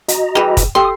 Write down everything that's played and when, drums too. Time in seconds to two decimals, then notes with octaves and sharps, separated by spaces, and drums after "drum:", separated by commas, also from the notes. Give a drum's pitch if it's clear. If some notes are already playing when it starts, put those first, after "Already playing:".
0.08 F#4 D#5 A#5, drum: hi-hat
0.35 E3 G3 G#4 G5
0.57 drum: kick, hi-hat
0.75 G4 A4 G5 C6 D#6